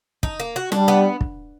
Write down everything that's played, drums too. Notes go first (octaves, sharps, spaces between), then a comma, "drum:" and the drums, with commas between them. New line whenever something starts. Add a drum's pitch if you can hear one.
D#4, drum: kick
A#3
F#4
G3 D4, drum: rim click
B3
drum: kick